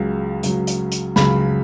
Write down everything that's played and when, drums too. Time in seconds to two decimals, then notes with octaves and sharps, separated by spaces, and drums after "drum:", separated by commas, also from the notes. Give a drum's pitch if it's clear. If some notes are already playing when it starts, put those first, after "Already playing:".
Already playing: C#2 C#3 F#3
0.43 C#2 C#3 F#3, drum: hi-hat
0.67 drum: hi-hat
0.92 drum: hi-hat
1.16 C#2 C#3 F#3 B5, drum: snare